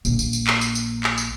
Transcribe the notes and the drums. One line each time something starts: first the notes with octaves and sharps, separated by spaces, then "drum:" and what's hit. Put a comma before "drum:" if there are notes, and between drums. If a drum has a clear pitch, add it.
A#1 A#3, drum: tambourine
drum: tambourine
drum: tambourine
drum: clap
drum: tambourine
drum: tambourine
drum: clap
drum: tambourine